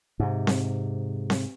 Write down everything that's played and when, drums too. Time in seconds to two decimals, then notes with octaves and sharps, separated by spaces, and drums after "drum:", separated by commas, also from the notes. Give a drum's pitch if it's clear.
0.20 G#2 C3
0.47 drum: snare C4
1.30 drum: snare C4